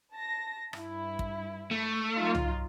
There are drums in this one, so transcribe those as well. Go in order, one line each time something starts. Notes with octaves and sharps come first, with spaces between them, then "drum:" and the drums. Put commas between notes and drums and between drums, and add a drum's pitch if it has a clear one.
A5 A#6
G2 E4, drum: rim click
drum: kick
A3
F#3 D#4 F4
drum: tom C2